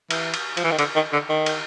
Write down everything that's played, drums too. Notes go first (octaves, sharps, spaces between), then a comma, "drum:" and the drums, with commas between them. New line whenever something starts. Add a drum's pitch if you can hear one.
E3, drum: cymbal
drum: cymbal
F3, drum: cymbal
E3
D#3
D3, drum: cymbal
D#3
D3
D#3
drum: cymbal